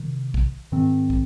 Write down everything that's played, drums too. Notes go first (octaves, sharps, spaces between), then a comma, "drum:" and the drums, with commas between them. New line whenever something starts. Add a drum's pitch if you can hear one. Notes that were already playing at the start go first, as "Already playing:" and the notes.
Already playing: C3 D#3
drum: kick
G#2 D#3 C4
drum: kick